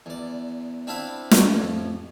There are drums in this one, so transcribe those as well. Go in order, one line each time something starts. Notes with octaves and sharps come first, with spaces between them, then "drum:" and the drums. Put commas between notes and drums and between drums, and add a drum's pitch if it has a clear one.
E2 D5
C4 D4 E4 F5 B5
drum: snare
A1 F2